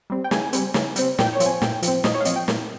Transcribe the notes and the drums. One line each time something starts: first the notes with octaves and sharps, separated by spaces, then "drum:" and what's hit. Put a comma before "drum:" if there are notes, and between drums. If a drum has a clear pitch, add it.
G3 C4
G5
C#3 G#5, drum: snare
G3 C4, drum: hi-hat
C#3, drum: snare
G3 C4, drum: hi-hat
A#2 G5, drum: snare
C#5
F3 C4, drum: hi-hat
G#5
A#2 G5, drum: snare
F3, drum: hi-hat
C4
A#2 D#5, drum: snare
C#5
F5
F3 C4 D#5, drum: hi-hat
G5
A#2, drum: snare